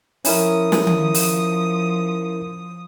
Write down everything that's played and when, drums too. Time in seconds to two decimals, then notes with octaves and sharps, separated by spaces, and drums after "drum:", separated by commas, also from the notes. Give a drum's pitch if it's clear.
0.25 F3 C#4 E4 A#4 D#6, drum: open hi-hat
0.72 drum: snare
0.87 drum: tom D#3
1.14 drum: open hi-hat